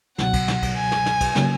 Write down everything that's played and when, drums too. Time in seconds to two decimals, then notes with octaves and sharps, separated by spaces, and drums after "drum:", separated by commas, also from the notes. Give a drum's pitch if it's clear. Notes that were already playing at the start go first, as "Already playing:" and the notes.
0.18 C#2 B2 F#3 F#5, drum: snare
0.33 drum: kick, cymbal
0.48 drum: snare
0.63 drum: kick, cymbal
0.77 G#5
0.92 drum: snare
1.06 drum: snare
1.21 drum: kick, cymbal
1.35 C#3 F#3 A#3 C#4, drum: snare